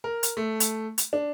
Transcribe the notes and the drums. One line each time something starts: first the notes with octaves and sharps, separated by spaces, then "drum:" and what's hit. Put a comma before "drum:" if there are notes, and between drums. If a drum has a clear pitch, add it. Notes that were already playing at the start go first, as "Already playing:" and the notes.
A#4
drum: hi-hat
A3
drum: hi-hat
drum: hi-hat
D4